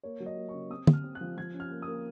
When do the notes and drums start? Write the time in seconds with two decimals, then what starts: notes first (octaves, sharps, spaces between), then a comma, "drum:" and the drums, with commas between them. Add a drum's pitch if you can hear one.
0.03 A#3 C#5
0.20 F#3
0.26 D#5
0.37 A#3
0.49 C#6
0.54 C#3
0.70 C4 D#6
0.87 C4, drum: tom
0.93 F6
1.04 C4
1.15 F#6
1.21 F3
1.37 F3 G#6
1.54 C#4
1.60 F6
1.71 A#3
1.82 D#6
1.88 A#3